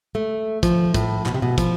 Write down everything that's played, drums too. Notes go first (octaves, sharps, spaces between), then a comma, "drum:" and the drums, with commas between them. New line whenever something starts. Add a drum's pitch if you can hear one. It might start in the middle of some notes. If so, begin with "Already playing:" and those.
A3
F3, drum: kick, hi-hat
A2, drum: kick, hi-hat
B2, drum: clap
C3
B2
F3, drum: kick, hi-hat